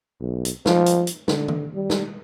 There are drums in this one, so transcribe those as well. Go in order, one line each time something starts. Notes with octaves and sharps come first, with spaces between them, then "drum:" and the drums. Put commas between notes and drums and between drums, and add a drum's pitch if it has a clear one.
B1
drum: hi-hat
F3, drum: snare
drum: hi-hat
drum: hi-hat
D3, drum: snare
drum: tom
G3
drum: snare